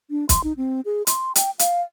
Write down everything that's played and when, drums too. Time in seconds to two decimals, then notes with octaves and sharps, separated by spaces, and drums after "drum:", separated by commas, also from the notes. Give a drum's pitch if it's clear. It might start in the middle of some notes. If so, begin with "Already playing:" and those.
0.10 D4
0.29 C6, drum: kick, hi-hat
0.44 D#4
0.57 C4
0.85 G#4
1.07 C6, drum: hi-hat
1.36 G5, drum: hi-hat
1.59 F5, drum: hi-hat